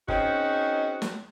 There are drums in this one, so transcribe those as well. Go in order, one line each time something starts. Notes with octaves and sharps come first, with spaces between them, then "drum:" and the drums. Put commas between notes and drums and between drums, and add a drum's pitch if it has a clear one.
C4 C#4 D#4 F#4 G#4, drum: kick G1
drum: snare